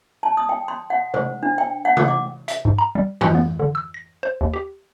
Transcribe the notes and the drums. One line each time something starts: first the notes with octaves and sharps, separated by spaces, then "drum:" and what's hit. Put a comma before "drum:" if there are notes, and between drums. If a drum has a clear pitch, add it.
A5
D#6
G5
C6
F#5
C5, drum: tom C3
D4
G5
F#5
drum: tom C3
D6
E5, drum: hi-hat
G#2
A#5
G3
F#4, drum: tom F2
B3
D3
E6
A#6
C5
D#2
G4